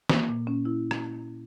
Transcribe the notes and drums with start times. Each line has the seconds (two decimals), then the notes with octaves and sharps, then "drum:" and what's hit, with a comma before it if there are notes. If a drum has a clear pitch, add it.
0.09 A#3, drum: snare
0.28 A#2
0.47 C#4
0.65 E4
0.91 drum: rim click